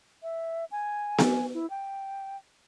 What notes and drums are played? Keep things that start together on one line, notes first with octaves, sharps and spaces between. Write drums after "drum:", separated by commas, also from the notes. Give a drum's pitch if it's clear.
E5
G#5
drum: snare B3
E4
G5